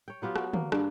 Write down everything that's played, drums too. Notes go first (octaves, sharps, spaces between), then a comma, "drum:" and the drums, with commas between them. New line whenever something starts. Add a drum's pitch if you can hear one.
C#5 G5
F#3 B3 F4 G4
F#4, drum: rim click
A#3, drum: tom
G2 A#3, drum: rim click